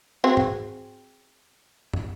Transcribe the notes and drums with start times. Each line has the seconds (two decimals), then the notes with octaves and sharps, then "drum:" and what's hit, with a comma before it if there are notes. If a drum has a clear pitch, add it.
0.24 C4 F#4 G#4
0.37 drum: tom G#2
1.93 drum: tom